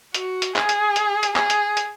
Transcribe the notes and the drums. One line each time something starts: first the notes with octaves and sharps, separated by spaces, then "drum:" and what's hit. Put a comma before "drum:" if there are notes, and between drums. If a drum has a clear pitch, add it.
F#4, drum: hi-hat
drum: hi-hat
G#4, drum: clap
drum: hi-hat
drum: hi-hat
drum: hi-hat
G#4, drum: clap
drum: hi-hat
drum: hi-hat